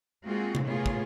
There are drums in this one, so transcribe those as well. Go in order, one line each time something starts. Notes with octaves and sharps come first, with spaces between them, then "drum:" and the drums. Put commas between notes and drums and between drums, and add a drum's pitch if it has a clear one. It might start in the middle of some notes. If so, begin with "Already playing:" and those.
G#3 A#3 C4 F4 F#4 G#4
drum: tom C3
A2 A#3 B3 F4 G#4 C#5
drum: kick